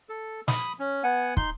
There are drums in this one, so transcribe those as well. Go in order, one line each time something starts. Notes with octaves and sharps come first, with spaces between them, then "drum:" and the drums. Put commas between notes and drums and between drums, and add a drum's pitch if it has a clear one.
A4
B5 D#6, drum: snare
C#4
B3 F#5 G#5
D#4 C6, drum: kick